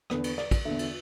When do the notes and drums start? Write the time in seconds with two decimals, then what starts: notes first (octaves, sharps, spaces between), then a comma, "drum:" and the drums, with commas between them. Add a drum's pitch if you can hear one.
0.10 E2 D3 B4, drum: rim click
0.24 drum: cymbal
0.38 D5, drum: rim click
0.51 drum: kick, cymbal
0.65 E2 D3 E5
0.79 drum: cymbal